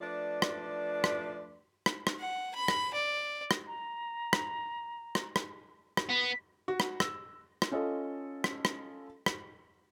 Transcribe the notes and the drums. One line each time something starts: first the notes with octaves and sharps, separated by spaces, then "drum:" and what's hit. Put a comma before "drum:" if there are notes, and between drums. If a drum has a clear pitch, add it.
F3 A3 D4 B4 D5
drum: rim click
drum: rim click
drum: rim click
drum: rim click
F#5
B5
drum: rim click
D5
drum: rim click
A#5
drum: rim click
drum: rim click
drum: rim click
drum: rim click
B3 B6
F#4
drum: rim click
E6, drum: rim click
drum: rim click
C#4 F4 A4 D#5
drum: rim click
drum: rim click
drum: rim click